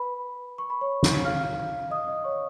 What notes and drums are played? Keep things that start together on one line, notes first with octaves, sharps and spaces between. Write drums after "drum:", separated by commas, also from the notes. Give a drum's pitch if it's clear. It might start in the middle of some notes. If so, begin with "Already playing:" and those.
Already playing: B4 B5
C#6
B5
C#5 C#6
drum: snare
F5 F6
D#5 D#6
D#5 D#6
C#5 C#6